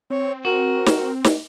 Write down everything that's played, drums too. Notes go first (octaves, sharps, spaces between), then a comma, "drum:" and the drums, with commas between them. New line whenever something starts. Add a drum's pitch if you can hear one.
C4 C#5
F#4 A#4
drum: snare
drum: snare